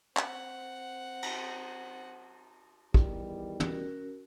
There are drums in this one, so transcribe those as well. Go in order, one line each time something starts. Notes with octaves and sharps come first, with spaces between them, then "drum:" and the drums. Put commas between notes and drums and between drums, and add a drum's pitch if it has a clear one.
C4 F#5, drum: clap
drum: cymbal
E2 D#3 G3, drum: kick
C#4 F#4 A#4, drum: tom